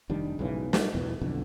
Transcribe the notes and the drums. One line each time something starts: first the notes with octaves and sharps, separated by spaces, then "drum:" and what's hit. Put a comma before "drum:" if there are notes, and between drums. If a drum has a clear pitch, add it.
F1 D#3 G3 D4
B1 G#2 C#3 E3
F3 G3 A3, drum: snare
E2 B2 E3
B1 F2 D3